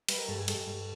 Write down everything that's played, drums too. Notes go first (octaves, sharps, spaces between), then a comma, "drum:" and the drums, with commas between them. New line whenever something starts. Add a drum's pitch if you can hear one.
G3 B4, drum: cymbal
A#4
G2 A4
G#4
G3 A4, drum: cymbal
G2